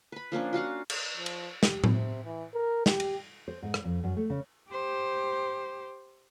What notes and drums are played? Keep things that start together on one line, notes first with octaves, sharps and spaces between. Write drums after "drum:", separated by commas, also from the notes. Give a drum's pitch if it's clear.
B4 B5
F3 A#3 C#4 D4
F4 F#4 F5 F#5
drum: cymbal
F3
drum: cymbal
G4, drum: snare
drum: tom A2
C3
E3
A#4
G4, drum: snare
drum: cymbal
C5
G#2
drum: rim click
F2
F#2
A3
C#3
G4 C5